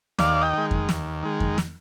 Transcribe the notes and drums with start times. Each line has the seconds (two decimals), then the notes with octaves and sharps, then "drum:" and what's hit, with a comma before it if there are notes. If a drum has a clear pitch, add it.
0.19 D#2 D5 F5, drum: snare
0.41 D#5 G5
0.53 D#3 G#3
0.71 drum: kick F2
0.89 D#2, drum: snare
1.23 D#3 G#3
1.40 drum: kick F2
1.58 drum: snare